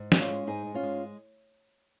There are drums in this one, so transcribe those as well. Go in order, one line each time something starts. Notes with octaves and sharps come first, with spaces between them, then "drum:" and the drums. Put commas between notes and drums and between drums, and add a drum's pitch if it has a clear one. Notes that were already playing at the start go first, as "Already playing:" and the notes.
Already playing: G#2
G#3, drum: snare
C#4 F4
G#3
G#2 D#4 G#4
G#2
C#4 F4
G#3